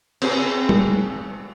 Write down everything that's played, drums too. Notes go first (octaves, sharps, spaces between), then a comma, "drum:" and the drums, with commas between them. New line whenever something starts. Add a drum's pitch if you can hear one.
C4 G#4, drum: cymbal
drum: tom